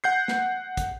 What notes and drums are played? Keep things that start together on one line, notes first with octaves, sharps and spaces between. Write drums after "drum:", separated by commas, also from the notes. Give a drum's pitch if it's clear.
F#5 G6 C7
drum: snare
drum: kick, hi-hat